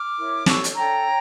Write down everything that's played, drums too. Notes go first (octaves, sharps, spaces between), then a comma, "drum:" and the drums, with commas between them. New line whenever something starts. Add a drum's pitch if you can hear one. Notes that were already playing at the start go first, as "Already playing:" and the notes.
Already playing: D6 F6
E4 A#4 C#5
D4 A4 C#5 C#6 E6, drum: snare
drum: hi-hat
D4 A4 C#5 G5 A#5
C#5